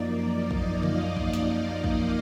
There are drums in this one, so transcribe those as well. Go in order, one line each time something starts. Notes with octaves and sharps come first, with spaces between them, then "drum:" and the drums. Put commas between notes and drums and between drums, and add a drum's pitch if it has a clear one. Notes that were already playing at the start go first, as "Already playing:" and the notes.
Already playing: F#2 F3 A#3 D#4 D5
D5
D#5, drum: kick
F5, drum: tom C#3
D#5, drum: kick
drum: snare
F5
D5, drum: kick